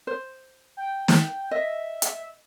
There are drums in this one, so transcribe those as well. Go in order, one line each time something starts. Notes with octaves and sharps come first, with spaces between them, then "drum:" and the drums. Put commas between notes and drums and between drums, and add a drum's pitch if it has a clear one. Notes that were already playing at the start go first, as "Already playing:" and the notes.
C5
G5
drum: snare
D#5 E5
drum: hi-hat